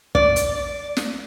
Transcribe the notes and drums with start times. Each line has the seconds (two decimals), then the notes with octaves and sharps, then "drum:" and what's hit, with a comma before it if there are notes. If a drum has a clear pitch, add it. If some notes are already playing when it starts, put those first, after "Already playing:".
0.15 D5, drum: kick
0.36 drum: hi-hat
0.97 drum: snare